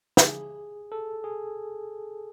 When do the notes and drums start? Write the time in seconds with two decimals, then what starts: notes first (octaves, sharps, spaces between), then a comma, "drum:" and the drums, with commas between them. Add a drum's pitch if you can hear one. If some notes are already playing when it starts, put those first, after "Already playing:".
0.17 G4, drum: snare
0.24 G#4
0.92 A4
1.24 G#4